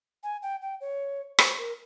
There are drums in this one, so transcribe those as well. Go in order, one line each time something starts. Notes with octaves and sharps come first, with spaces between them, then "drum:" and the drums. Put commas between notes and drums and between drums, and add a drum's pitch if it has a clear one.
G#5
G5
G5
C#5
C5, drum: rim click
A#4